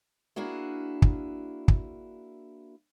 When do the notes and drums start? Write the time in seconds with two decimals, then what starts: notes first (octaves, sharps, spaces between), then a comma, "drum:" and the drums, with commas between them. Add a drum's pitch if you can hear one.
0.36 A#3 D4 E4 F#4 G#4
1.02 drum: kick
1.68 drum: kick